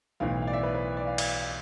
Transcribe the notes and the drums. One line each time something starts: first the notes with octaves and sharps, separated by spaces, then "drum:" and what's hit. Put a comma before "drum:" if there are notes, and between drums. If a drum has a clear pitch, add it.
B1 A2 E3 F5
F5
D5
E5
B4
B4
D5
F5
F5, drum: cymbal